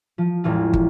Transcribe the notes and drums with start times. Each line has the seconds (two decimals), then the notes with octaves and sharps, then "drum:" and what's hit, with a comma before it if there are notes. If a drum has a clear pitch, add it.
0.18 F3
0.44 E1 A1 E3 F4
0.74 drum: kick